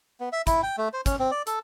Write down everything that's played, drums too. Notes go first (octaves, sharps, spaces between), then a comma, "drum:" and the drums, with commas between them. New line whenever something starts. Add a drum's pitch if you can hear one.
B3
E5
E4, drum: kick, hi-hat
G5
A3
C5
C#4, drum: kick, hi-hat
C4
D5
A4, drum: hi-hat